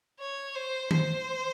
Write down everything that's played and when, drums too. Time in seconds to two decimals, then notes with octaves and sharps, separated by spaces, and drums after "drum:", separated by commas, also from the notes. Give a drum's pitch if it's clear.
0.20 C#5
0.55 C5
0.91 C5, drum: tom D#3